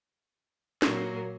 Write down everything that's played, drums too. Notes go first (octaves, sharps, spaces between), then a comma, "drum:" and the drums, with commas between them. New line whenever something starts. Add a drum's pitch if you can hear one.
A#2 F#3 A#3, drum: snare